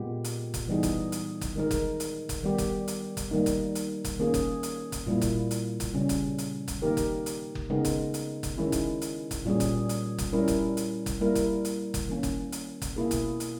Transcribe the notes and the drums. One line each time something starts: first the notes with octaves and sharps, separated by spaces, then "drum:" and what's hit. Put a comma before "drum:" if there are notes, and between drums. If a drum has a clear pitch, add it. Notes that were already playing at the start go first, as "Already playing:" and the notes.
Already playing: A#2 G#3 B3 G4
drum: hi-hat
drum: kick F#1, hi-hat
E3 G3 B3 D#4 G#4
drum: kick F#1, hi-hat
drum: hi-hat
drum: kick F#1, hi-hat
D#3 G#3 D#4 A#4
drum: kick F#1, hi-hat
drum: hi-hat
drum: kick F#1, hi-hat
D#3 G3 B3 G4
drum: kick F#1, hi-hat
drum: hi-hat
drum: kick F#1, hi-hat
D#3 G3 A#3 D#4
drum: kick F#1, hi-hat
drum: hi-hat
drum: kick F#1, hi-hat
D#3 A#3 C#4 G#4
drum: kick F#1, hi-hat
drum: hi-hat
drum: kick F#1, hi-hat
A#2 G3 A#3 E4
drum: kick F#1, hi-hat
drum: hi-hat
drum: kick F#1, hi-hat
C#3 G3 C#4
drum: kick F#1, hi-hat
drum: hi-hat
drum: kick F#1, hi-hat
D#3 A#3 D#4 G4 A#4
drum: kick F#1, hi-hat
drum: hi-hat
drum: kick F#1
C#3 G#3 B3 D#4 A#4
drum: kick F#1, hi-hat
drum: hi-hat
drum: kick F#1, hi-hat
D#3 G#3 C#4 E4
drum: kick F#1, hi-hat
drum: hi-hat
drum: kick F#1, hi-hat
A#2 G3 C#4 G#4
drum: kick F#1, hi-hat
drum: hi-hat
drum: kick F#1, hi-hat
G3 C#4 E4 A#4
drum: kick F#1, hi-hat
drum: hi-hat
drum: kick F#1, hi-hat
G3 A#3 E4 A#4
drum: kick F#1, hi-hat
drum: hi-hat
drum: kick F#1, hi-hat
D#3 A#3 C#4
drum: kick F#1, hi-hat
drum: hi-hat
drum: kick F#1, hi-hat
B2 A#3 E4 G#4
drum: kick F#1, hi-hat
drum: hi-hat